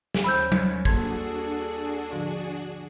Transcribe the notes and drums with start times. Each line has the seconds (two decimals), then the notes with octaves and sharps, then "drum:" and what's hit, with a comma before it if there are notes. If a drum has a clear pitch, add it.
0.14 drum: snare
0.24 D#2 G3 C#4 C5 B5 E6 G6
0.52 drum: tom
0.85 A#3 D4 F#4 G#4 A4 A5 C6 G#6, drum: kick
2.12 G#2 D3 F3